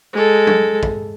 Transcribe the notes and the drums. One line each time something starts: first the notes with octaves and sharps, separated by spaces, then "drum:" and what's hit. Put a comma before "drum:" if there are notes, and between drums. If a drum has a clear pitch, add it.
G#3 A4
drum: tom F#3
drum: kick